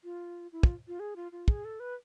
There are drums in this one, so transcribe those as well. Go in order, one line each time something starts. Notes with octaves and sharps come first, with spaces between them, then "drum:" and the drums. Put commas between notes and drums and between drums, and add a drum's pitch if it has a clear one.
F4
E4
F4, drum: kick
F4
G#4
F4
F4
G#4, drum: kick
A4
B4